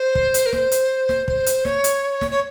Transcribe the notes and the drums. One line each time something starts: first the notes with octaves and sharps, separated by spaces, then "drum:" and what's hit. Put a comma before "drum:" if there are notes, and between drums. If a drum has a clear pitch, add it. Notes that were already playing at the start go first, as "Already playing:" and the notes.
Already playing: C5
drum: kick
drum: hi-hat
A#4
C5, drum: snare
drum: hi-hat
drum: snare
C5, drum: kick
drum: hi-hat
C#5, drum: snare
drum: hi-hat
drum: snare
C#5